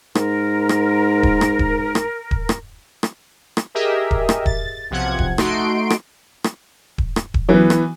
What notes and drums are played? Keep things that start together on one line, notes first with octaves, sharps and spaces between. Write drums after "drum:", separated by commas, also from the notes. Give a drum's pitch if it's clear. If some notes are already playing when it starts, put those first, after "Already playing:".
G#2 A#4, drum: rim click
drum: rim click
drum: kick D#1
drum: rim click
drum: kick D#1
drum: rim click
drum: kick D#1
drum: rim click
drum: rim click
drum: rim click
G4 G#4 A#4 D#5 E5
drum: kick D#1
drum: rim click
A6, drum: kick D#1
B1 C3 F3 F#5 G#6
drum: kick D#1
A3 D#4 F#4 C6 D7, drum: rim click
drum: rim click
drum: rim click
drum: kick D#1
drum: rim click
drum: kick D#1
E3 F#3 B3
drum: rim click